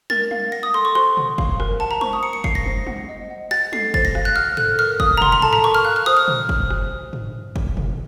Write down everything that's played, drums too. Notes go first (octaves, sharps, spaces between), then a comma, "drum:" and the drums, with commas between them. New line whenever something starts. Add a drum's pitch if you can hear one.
A#4 A6, drum: tom
F5, drum: tom
F#5 A#6
D#6
A4 C6
C#6
C5 C6, drum: rim click
F#5, drum: tom
F5, drum: kick
A#4, drum: rim click
F#5 A5
A#5
C5 C#6, drum: tom
D#6
A#4 C#7
C#7
F5 C7, drum: kick
A#6
C5, drum: tom
F#5, drum: tom
D#5
F#5
F#5 A6, drum: rim click
A4 C7, drum: tom
C5 A6, drum: kick
A#6
F5, drum: rim click
F#6
F#5 F6
A4 F#6, drum: tom
A#4 F6
F5 D#6, drum: kick
A#5
F#5 C6, drum: tom
A#5
A4 A5, drum: tom
A#5
A#4 C#6
F6
F5 F#6
F6
C5 D#6, drum: rim click
F6
drum: tom
drum: kick
drum: rim click
drum: tom
drum: kick
drum: tom